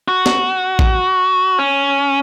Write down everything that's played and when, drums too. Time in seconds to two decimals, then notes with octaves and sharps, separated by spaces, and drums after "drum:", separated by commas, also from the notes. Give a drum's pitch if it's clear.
0.08 F#4
0.26 drum: snare
0.79 drum: kick A#1
1.59 C#4